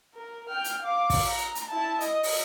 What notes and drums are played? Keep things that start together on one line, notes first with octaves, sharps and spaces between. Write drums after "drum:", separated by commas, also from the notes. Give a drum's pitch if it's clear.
A#4
G5 F6
drum: hi-hat
F5 D6
drum: kick, open hi-hat
A#5
drum: hi-hat
E4 A5
D#5, drum: hi-hat
drum: open hi-hat